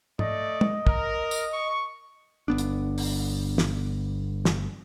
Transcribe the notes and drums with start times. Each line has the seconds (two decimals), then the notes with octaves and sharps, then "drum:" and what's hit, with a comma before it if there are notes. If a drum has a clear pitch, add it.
0.19 A3 D5 D#5, drum: tom
0.61 drum: tom
0.87 A#4, drum: kick
1.31 drum: tambourine
1.53 C#6
2.48 G1 B3 D4
2.58 drum: hi-hat
2.98 drum: open hi-hat
3.58 drum: snare
4.45 drum: snare